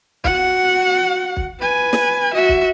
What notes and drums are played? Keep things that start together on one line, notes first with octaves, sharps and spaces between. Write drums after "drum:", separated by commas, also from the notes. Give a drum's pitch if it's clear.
F#4 F#5, drum: kick
drum: kick
B4 G#5
drum: snare
F#4 E5
drum: kick